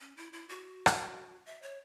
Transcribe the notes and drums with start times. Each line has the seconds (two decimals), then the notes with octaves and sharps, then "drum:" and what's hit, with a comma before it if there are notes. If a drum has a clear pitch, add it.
0.01 C#4
0.17 E4
0.33 E4
0.49 F#4
0.86 drum: rim click
1.46 E5
1.62 C#5